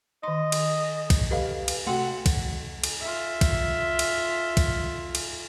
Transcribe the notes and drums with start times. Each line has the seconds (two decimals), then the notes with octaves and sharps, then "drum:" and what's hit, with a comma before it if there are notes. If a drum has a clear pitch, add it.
0.23 D#3 D#5 C6
0.52 drum: cymbal
1.10 drum: kick, cymbal
1.31 G4 A4 B4 D#5 F5
1.68 drum: cymbal
1.87 C3 A3 F#4 F#5 G5 C6
2.26 drum: kick, cymbal
2.84 drum: cymbal
3.01 F4 E5
3.41 drum: kick, cymbal
3.99 drum: cymbal
4.57 drum: kick, cymbal
5.15 drum: cymbal